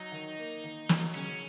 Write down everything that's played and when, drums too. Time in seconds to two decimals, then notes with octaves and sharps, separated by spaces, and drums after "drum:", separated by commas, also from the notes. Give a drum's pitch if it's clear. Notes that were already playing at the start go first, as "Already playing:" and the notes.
Already playing: F#3 D#4
0.12 D#3
0.38 A#3
0.64 D#3
0.89 F#3, drum: snare
1.15 C#3 C#4